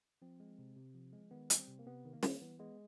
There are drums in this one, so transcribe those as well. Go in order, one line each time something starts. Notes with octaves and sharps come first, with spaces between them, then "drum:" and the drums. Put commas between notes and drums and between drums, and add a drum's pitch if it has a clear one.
F3 C4
G#3
C3
C3
F3
G#3
D#3 B3
G3, drum: hi-hat
C4
C3
A#3
C3 B3
D#3
A#3
G3, drum: snare
E3 B3
G#3 B3